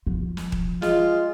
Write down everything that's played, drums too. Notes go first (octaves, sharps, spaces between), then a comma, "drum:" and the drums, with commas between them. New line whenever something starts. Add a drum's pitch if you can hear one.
F3
drum: snare
drum: kick D#1
G#3 F4, drum: snare